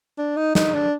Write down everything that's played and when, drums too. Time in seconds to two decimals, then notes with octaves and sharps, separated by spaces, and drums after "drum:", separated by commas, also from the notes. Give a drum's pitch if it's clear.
0.18 D4
0.37 D#4
0.55 D#4, drum: snare
0.74 D4